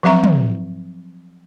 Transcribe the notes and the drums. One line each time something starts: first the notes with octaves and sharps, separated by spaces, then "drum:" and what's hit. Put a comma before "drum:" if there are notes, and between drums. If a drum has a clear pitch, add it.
F3 F#3 C4 E5 A#5 C#6
drum: tom